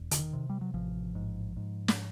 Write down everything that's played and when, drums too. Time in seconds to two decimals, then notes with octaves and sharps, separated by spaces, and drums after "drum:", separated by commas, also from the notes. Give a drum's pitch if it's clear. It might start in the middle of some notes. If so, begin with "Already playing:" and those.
Already playing: E1
0.11 D3, drum: hi-hat
0.19 D#3
0.33 C3
0.50 G3
0.61 F#3
0.74 A1 F3
1.15 G#2
1.56 G#2
1.88 drum: snare